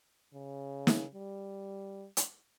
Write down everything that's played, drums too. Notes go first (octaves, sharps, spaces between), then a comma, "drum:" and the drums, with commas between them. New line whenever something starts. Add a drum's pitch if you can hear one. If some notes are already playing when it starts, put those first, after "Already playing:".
C#3
drum: snare
G3
drum: hi-hat